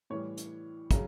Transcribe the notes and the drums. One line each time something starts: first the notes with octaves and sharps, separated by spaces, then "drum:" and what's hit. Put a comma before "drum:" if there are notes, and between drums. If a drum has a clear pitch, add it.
A2 E3 G3 C#5
drum: hi-hat
C#3 F#3, drum: kick, hi-hat